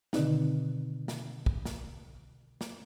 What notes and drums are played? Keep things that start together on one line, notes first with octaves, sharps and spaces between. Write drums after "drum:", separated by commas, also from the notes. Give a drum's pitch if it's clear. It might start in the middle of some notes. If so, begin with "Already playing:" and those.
B2 D3 D#3 C4 D#4, drum: snare
drum: snare
drum: kick
drum: snare
drum: snare